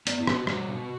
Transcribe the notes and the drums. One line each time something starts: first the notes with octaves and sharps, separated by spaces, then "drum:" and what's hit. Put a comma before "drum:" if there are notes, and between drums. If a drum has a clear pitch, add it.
B3 D5, drum: hi-hat
E4
B2, drum: rim click
F#4
G3 F#4, drum: rim click
B2